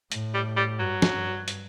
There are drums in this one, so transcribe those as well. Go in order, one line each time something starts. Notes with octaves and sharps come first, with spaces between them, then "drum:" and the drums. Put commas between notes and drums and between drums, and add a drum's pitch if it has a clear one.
A2, drum: hi-hat
G3
G3
G2 F#3
drum: snare
G2
drum: hi-hat